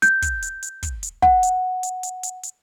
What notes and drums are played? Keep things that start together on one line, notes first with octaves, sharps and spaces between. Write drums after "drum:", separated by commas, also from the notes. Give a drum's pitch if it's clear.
G6, drum: hi-hat
drum: kick, hi-hat
drum: hi-hat
drum: hi-hat
drum: kick, hi-hat
drum: hi-hat
F#5, drum: kick
drum: hi-hat
drum: hi-hat
drum: hi-hat
drum: hi-hat
drum: hi-hat